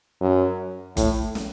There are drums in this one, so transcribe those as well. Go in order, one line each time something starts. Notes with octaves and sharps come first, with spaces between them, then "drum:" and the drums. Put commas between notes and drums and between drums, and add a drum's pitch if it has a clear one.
F#2
A2, drum: kick F#1, hi-hat
drum: snare